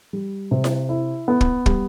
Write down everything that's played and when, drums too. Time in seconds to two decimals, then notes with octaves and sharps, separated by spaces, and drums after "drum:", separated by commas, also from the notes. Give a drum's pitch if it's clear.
0.13 G3
0.51 C3
0.64 drum: snare E4
0.89 E4
1.28 B3
1.41 drum: kick
1.66 G3, drum: kick